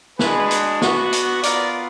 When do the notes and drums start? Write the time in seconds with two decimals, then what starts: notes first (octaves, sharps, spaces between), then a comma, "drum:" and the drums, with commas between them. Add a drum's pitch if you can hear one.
0.19 G#3 D4 F#4 G#4 B4, drum: snare
0.51 drum: hi-hat
0.81 B3 D4 F#4, drum: snare
1.12 drum: hi-hat
1.43 B3 F4 A#4 D5, drum: hi-hat